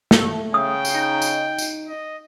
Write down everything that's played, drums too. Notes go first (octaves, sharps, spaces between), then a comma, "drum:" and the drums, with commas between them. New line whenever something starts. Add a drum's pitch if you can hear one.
A3, drum: snare
C#3 G5 D#6
drum: tambourine
D#4
drum: tambourine
drum: tambourine
D#5